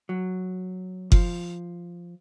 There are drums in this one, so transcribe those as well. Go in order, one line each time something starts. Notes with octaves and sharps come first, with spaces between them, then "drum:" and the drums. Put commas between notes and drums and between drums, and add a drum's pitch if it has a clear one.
F#3
F3, drum: kick F#1